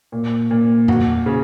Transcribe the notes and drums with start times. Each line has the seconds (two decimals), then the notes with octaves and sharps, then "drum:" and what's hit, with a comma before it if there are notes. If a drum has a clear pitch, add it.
0.12 A#2
0.51 A#2
0.88 F#4, drum: tom E2
1.26 C#3